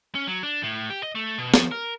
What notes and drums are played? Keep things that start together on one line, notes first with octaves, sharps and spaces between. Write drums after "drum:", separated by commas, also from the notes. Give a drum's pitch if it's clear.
C#4
F#3
D4
A2
G4
D#5
A3
B2
F3, drum: snare
A#4